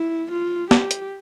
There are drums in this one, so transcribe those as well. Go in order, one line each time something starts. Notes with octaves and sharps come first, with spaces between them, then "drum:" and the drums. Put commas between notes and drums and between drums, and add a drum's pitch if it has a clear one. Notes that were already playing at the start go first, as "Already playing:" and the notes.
Already playing: E4
F4
G4, drum: snare
drum: hi-hat